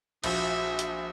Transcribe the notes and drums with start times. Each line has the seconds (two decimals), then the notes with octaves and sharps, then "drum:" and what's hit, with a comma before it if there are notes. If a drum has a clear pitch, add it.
0.24 A#1 F3 F#4 E5, drum: cymbal
0.79 drum: hi-hat